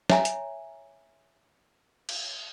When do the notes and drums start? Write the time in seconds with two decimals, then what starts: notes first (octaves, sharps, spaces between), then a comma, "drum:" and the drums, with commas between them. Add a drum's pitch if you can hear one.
0.10 C#5 E5 G#5 A#5, drum: snare
0.25 drum: hi-hat
2.09 drum: cymbal